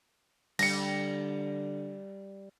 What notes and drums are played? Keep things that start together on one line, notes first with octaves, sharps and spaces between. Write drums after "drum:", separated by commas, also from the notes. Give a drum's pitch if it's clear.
D3 G3 A#6 C#7, drum: cymbal